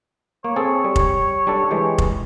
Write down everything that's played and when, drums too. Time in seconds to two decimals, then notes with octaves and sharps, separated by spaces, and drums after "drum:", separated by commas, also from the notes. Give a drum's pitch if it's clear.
0.45 A#3 C#5
0.56 C4 G#4 A4
0.85 G3
0.96 drum: kick F1
1.47 G3 D4 A4
1.71 E3 G#3 G4
1.98 drum: kick F1